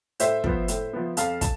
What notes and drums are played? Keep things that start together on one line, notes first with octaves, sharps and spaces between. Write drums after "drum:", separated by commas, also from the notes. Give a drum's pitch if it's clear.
A2 C5 E5, drum: hi-hat
F3 B3, drum: kick
A2, drum: hi-hat
F3 B3
F2 F5 A5, drum: hi-hat
A5, drum: kick, hi-hat